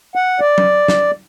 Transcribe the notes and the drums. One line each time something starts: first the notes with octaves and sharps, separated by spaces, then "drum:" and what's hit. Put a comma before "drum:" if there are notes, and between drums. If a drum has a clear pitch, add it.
F#5
D5
drum: tom
drum: snare